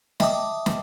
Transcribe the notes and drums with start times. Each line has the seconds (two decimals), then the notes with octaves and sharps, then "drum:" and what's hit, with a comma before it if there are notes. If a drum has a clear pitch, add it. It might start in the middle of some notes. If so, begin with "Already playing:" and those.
0.20 D#5 E5 G5 A5 D6 D#6, drum: snare
0.66 drum: snare